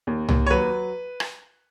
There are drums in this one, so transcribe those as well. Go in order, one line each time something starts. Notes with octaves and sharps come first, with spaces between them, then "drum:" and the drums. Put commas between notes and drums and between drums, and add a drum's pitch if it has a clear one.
D#2
D#2, drum: tom C2
C#5
F#3 B4
drum: rim click